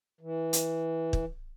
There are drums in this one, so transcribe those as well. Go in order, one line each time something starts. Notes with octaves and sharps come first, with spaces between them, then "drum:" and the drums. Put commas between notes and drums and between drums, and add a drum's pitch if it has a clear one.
E3
drum: hi-hat
drum: kick